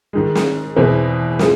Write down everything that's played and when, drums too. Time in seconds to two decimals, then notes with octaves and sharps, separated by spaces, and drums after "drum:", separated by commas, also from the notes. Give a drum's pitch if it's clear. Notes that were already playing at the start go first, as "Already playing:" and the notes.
0.13 G#2 D#3 G#3
0.35 drum: snare
0.76 E2 B2 G#3 C4 E4
1.39 F3 G#3, drum: snare